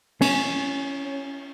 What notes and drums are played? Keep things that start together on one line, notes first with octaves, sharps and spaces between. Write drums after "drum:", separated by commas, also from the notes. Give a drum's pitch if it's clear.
C#4, drum: cymbal